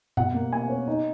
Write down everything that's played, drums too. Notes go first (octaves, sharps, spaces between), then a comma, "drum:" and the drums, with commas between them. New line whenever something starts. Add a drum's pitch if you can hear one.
B2 F#5, drum: tom F#2
A#3
A#3 G#5
C#4
D#4